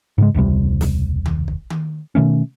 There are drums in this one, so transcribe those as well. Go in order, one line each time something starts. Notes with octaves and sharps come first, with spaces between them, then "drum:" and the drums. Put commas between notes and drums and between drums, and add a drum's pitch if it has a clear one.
G#2 C#3 G#3
E1 C#2 C3 G3
drum: snare
drum: tom D#3
drum: kick
drum: tom D#3
B2 D#3 A3 C#4